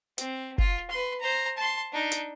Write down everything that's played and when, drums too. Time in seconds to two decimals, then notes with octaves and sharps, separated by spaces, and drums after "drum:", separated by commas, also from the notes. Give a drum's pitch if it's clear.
0.18 C4, drum: hi-hat
0.58 F4, drum: kick F#1
0.90 B4 C6
1.20 C5 A#5
1.57 A5 C6
1.92 D4 D#4
2.12 drum: hi-hat